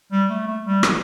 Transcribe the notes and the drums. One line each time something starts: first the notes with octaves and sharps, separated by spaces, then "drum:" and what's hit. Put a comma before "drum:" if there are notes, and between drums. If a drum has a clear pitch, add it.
G3
A3
A3
G3
drum: rim click